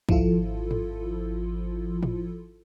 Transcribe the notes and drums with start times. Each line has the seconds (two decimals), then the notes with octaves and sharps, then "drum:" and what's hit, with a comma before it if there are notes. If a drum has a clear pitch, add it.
0.09 G#1 F3 E4 F4 A4, drum: kick
0.71 drum: tom G2
2.03 drum: tom A2